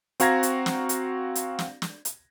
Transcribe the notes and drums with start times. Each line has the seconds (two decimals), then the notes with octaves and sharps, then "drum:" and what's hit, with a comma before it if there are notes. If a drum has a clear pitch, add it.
0.20 C4 F#4 F5 A#5 G#6 A#6, drum: hi-hat
0.43 drum: hi-hat
0.66 drum: snare
0.89 drum: hi-hat
1.35 drum: hi-hat
1.59 drum: snare
1.82 drum: snare
2.05 drum: hi-hat